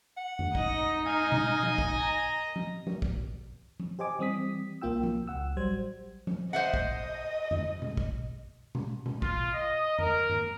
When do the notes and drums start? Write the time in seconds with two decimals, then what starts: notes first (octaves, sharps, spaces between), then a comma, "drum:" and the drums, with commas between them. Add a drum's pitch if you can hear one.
0.17 F#5
0.39 drum: tom F2
0.55 D#4 D#5, drum: kick
1.06 D#5 F5 G#5
1.32 drum: tom B2
1.63 drum: tom F3
1.78 drum: kick
2.00 A#5
2.56 drum: tom F3
2.87 drum: tom F3
3.02 drum: kick
3.80 drum: tom F3
3.99 G4 C5 D#5 G#5 D6
4.19 E3 G3 C4 D#6 B6
4.81 B1 A#3 F4 G5 E6
5.03 drum: tom F3
5.27 C#2 F#5 E6
5.57 A1 F#3 G3 C5 G#6
6.27 drum: tom F3
6.53 C5 D#5 E5 F#5
6.74 drum: kick
7.51 drum: tom F2
7.82 drum: tom B2
7.97 drum: kick
8.75 drum: tom B2
9.06 drum: tom B2
9.22 F4, drum: kick
9.53 D#5
9.99 A#4, drum: tom F2
10.30 drum: tom G2